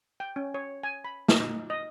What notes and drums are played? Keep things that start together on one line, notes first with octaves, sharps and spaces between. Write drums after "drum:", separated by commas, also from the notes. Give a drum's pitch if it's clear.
G5
C#4
C#5
G#5
B5
D#5, drum: snare
D#4
D#5